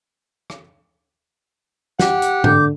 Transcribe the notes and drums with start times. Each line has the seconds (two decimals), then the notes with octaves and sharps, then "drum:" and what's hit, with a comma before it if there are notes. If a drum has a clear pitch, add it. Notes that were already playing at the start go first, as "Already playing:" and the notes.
0.50 drum: rim click
2.00 G4 F#5, drum: snare
2.22 drum: hi-hat
2.44 D3 D6 G6, drum: tom G#2